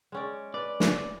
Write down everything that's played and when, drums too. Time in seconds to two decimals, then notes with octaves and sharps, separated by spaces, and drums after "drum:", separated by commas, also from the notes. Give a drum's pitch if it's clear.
0.12 G#3 C#4 D5
0.54 B4 D5
0.80 drum: snare